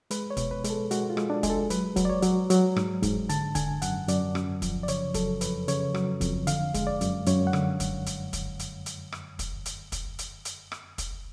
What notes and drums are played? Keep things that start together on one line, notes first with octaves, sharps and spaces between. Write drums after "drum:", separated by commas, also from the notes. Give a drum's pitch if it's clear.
G#3 B4, drum: hi-hat
C#5
B2, drum: kick, hi-hat
B4
G#3, drum: hi-hat
A4
G#3 F#4, drum: hi-hat
F4
G#3, drum: rim click
D4
G#3 G#4, drum: kick, hi-hat
A4
F#3 B4, drum: hi-hat
F#3, drum: kick, hi-hat
D5
C#5
F#3, drum: hi-hat
F#3, drum: hi-hat
G#2, drum: rim click
G#2, drum: kick, hi-hat
D3 A5, drum: hi-hat
D3 G#5, drum: kick, hi-hat
F#2 F#5, drum: hi-hat
F#2 D5, drum: hi-hat
F#2, drum: rim click
F3, drum: kick, hi-hat
D5
C#3 C#5, drum: hi-hat
F#3 A4, drum: kick, hi-hat
F2 B4, drum: hi-hat
C#3 C#5, drum: hi-hat
F#3, drum: rim click
F2, drum: kick, hi-hat
D3 F5, drum: hi-hat
G#3, drum: kick, hi-hat
D5
F#2, drum: hi-hat
F#2 C#5, drum: hi-hat
F#5
D3, drum: rim click
drum: kick, hi-hat
drum: hi-hat
drum: kick, hi-hat
drum: hi-hat
drum: hi-hat
drum: rim click
drum: kick, hi-hat
drum: hi-hat
drum: kick, hi-hat
drum: hi-hat
drum: hi-hat
drum: rim click
drum: kick, hi-hat